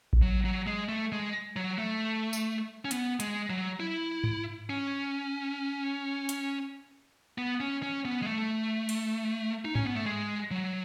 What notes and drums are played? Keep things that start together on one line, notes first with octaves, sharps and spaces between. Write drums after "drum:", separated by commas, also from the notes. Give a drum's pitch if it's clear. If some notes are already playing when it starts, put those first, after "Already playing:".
drum: kick A1
F#3
F#3
G#3
A3
G#3
F#3
A3
drum: tambourine
C#4
B3, drum: hi-hat
G#3, drum: hi-hat
F#3
E4
drum: tom G#2
C#4
drum: hi-hat
B3
C#4
C#4
B3
G#3
A3
drum: cymbal
D#4
C#4, drum: tom G#2
B3
A3
G#3
F#3